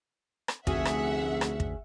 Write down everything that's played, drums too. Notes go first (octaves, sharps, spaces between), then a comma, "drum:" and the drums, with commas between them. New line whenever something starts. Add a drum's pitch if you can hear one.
drum: rim click
F1 D2 C#4 F#4 G#4 E5 F#5 G#5, drum: kick
drum: rim click
drum: rim click
drum: kick